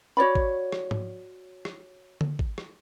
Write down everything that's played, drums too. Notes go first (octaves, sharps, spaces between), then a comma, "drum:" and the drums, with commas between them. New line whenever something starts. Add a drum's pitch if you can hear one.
F#4 C#5 D5 B5
drum: kick G#1
drum: rim click
drum: tom G#2
drum: rim click
drum: tom D3
drum: kick G#1
drum: rim click